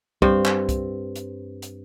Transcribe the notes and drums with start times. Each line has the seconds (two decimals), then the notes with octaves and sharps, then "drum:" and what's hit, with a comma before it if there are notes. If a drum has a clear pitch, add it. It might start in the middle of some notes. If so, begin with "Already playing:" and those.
0.22 G2 C4, drum: kick C2
0.45 drum: clap
0.69 drum: kick C2, hi-hat
1.16 drum: hi-hat
1.62 drum: hi-hat